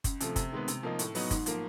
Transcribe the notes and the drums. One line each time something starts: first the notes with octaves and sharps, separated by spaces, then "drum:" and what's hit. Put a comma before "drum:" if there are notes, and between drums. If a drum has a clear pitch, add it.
C#2, drum: kick F#1, hi-hat
C3 F3 A3, drum: hi-hat
C3, drum: kick F#1, hi-hat
D#3 G#3 B3
C3, drum: hi-hat
F3 A#3 D#4
A2, drum: hi-hat
F#3 B3 D#4, drum: open hi-hat
G#2, drum: kick F#1, hi-hat
F3 A#3, drum: hi-hat